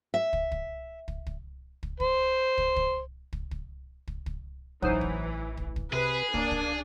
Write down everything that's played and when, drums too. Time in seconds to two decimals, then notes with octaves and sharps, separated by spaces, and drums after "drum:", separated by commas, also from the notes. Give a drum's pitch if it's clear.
0.14 E5
0.33 drum: kick
0.52 drum: kick
1.08 drum: kick
1.26 drum: kick
1.83 drum: kick
2.00 C5, drum: kick
2.58 drum: kick
2.76 drum: kick
3.33 drum: kick
3.51 drum: kick
4.07 drum: kick
4.26 drum: kick
4.82 A1 E3 F#3 D#4 C5, drum: kick
5.01 drum: kick
5.57 drum: kick
5.76 drum: kick
5.93 C3 G#4 B4
6.34 A#3 D4, drum: kick
6.51 drum: kick